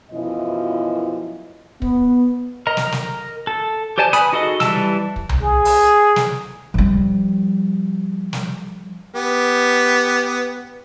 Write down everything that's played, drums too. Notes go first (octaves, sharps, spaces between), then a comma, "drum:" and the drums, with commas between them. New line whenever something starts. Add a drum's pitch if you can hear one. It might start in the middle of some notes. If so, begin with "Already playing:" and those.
F#2 B2 E3 F3 E4 D#5
B3, drum: kick
A#4 D#5 A#5
drum: snare
drum: snare
A4
G4 C5 D5 G#5 A5
B4 G#5 B5 D#6, drum: hi-hat
D#4 F#4 G#4 A4 D#5
E3 G3 A5 E6, drum: snare
drum: kick
drum: tom C2
G#4
drum: open hi-hat
drum: snare
F3 G3
drum: snare
B3 G4